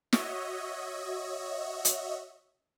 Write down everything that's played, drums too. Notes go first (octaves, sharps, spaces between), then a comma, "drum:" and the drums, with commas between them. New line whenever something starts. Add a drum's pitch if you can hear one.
F#4 C#5 D#5 E5, drum: snare
drum: hi-hat